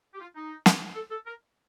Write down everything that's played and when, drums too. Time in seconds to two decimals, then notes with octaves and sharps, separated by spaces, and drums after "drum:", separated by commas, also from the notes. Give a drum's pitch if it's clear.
0.14 G4
0.21 F4
0.35 D#4
0.66 drum: snare
0.95 A4
1.11 A4
1.26 A#4